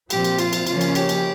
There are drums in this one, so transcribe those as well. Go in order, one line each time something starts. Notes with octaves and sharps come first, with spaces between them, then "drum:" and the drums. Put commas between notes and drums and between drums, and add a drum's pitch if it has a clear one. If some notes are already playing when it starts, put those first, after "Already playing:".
A#2 F3 C4 G4, drum: cymbal
drum: cymbal
F4, drum: cymbal
drum: cymbal
C#3 F3 A#3 C#4 F4, drum: cymbal
drum: cymbal
G4, drum: cymbal
drum: cymbal